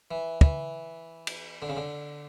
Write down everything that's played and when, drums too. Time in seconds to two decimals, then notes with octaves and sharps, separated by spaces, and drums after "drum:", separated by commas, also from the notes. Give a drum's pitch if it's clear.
0.11 E3
0.41 E3, drum: kick
1.27 drum: cymbal
1.62 D3
1.69 C#3
1.77 D3